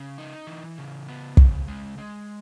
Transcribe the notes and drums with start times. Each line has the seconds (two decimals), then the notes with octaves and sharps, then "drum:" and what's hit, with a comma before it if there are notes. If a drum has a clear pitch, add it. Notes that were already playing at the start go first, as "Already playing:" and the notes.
Already playing: C#3
0.18 D#4
0.47 E3
0.78 C#3
1.08 B3
1.37 C#3, drum: kick
1.68 G#3
1.98 G#3